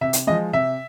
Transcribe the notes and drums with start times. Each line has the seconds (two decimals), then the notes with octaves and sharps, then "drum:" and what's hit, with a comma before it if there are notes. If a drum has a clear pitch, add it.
0.01 C3 E5
0.13 drum: hi-hat
0.27 F3 G#3 D#5
0.53 C3 E5